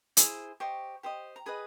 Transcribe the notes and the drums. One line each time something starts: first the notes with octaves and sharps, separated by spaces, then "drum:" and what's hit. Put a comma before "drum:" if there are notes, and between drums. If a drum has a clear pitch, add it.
E4 G#4 C5, drum: hi-hat
G4 C5 D#5 C#6
G4 C5 D#5
A#5
G#4 B4 D#5 B5